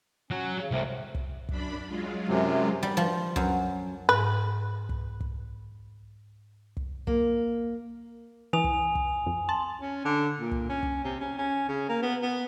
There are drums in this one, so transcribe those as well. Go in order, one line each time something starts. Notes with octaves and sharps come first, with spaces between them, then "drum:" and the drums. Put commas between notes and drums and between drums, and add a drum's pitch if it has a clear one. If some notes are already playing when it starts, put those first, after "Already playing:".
F#3 C#4
C#3
C2 A3 C4
drum: kick
F#2 D4 B5, drum: kick
F#3 G#3 F4
F#2 C3
G3
F3
F#2, drum: kick
G#2 B4
drum: kick
drum: kick
drum: kick
A#3, drum: kick
E3 G#5 D#6 F7
drum: kick
drum: kick
F2
A5 C6
C#4
D3
A#2
drum: kick
C#4
drum: kick
C3
C#4
C#4
C#3
A#3
B3
B3